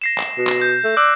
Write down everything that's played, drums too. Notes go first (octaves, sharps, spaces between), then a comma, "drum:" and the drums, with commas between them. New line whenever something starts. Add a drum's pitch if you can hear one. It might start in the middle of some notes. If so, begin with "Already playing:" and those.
A#6 C7 E7
drum: clap
B2
drum: clap
G6
A3
D5 E6 F#6